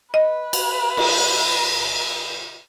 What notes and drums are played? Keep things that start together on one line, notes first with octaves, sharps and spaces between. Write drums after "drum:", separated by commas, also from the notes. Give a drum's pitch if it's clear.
B4 D#5
drum: cymbal
drum: cymbal